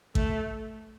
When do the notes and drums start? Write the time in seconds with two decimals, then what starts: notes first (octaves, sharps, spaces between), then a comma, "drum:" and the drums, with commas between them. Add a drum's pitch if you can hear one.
0.15 A3, drum: kick A1